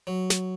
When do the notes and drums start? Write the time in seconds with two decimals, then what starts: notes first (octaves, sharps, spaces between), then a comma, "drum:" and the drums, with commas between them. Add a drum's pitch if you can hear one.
0.07 F#3
0.30 drum: snare